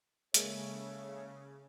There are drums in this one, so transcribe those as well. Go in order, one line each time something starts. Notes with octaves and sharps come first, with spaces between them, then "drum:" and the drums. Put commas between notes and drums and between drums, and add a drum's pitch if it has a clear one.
C#3 G#3 A#3 G#4 A4 C#5 E5, drum: hi-hat